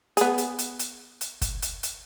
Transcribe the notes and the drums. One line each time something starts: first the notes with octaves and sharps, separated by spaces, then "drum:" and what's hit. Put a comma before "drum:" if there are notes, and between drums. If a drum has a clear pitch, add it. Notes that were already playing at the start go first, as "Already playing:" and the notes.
B3 G#4, drum: hi-hat
drum: hi-hat
drum: hi-hat
drum: hi-hat
drum: hi-hat
drum: kick, hi-hat
drum: hi-hat
drum: hi-hat